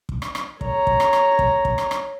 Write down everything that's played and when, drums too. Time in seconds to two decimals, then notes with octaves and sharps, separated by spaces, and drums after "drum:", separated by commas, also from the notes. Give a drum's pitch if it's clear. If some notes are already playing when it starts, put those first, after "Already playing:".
0.09 drum: kick
0.22 drum: rim click
0.35 drum: rim click
0.61 C#5 A#5, drum: kick
0.87 drum: kick
1.00 drum: rim click
1.13 drum: rim click
1.39 drum: kick
1.65 drum: kick
1.78 drum: rim click
1.91 drum: rim click